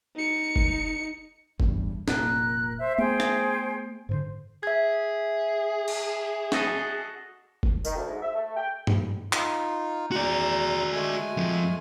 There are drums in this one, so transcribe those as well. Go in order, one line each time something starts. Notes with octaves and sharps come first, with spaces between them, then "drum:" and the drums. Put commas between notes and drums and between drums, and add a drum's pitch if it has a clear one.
D#4 C#7
drum: kick
A1 E2 G2, drum: kick
F1 A#2 A#4 F#6, drum: snare
C5 E5
A3 B3 G#4 C5 G5
drum: rim click
G#2 B2 D3 C5
G#4 E5 G#6
drum: cymbal
F#4 A4 D#5, drum: snare
drum: kick
D#3, drum: tambourine
D2
G#2
E5
A3
G5
drum: tom G2
D#4 F4, drum: clap
E2 F#4 D5 A#5
G#3 A3 G#5
F2 F3